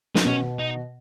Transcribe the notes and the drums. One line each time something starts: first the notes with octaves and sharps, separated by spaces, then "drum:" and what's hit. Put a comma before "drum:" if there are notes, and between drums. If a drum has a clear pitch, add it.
D#4, drum: snare
B2 B3 C#4 F#4
D#4